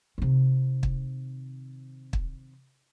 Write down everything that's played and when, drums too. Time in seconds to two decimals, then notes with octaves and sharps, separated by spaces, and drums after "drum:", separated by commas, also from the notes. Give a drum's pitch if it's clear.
0.18 C3 D#3
0.83 drum: kick
2.13 drum: kick